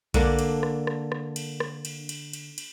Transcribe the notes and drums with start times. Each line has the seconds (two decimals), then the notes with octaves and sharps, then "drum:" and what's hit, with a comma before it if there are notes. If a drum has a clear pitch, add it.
0.14 D3 A#3 D4, drum: kick B1, cymbal
0.39 drum: cymbal
0.63 drum: rim click
0.87 drum: rim click
1.12 drum: rim click
1.36 drum: cymbal
1.60 drum: rim click
1.85 drum: cymbal
2.09 drum: cymbal
2.33 drum: cymbal
2.58 drum: cymbal